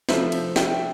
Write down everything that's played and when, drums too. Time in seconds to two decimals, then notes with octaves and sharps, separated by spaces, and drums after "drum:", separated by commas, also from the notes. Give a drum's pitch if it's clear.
0.09 C3 F3 A3 C5 E5, drum: snare
0.32 drum: cymbal
0.56 E5 G5, drum: snare